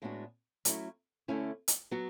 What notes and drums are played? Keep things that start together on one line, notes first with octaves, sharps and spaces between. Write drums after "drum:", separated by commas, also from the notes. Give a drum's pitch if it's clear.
A2 G#3 B3 D4 F#4
F#3 A3 C#4 E4, drum: hi-hat
D3 A3 C#4 E4
drum: hi-hat
F#3 B3 F#4